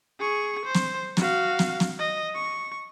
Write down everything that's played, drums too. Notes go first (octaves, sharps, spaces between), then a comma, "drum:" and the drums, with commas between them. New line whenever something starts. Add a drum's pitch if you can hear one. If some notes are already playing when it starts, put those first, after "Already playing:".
G#4 C#6
C5
drum: snare
F#4 F5, drum: snare
drum: snare
drum: snare
D#5
C#6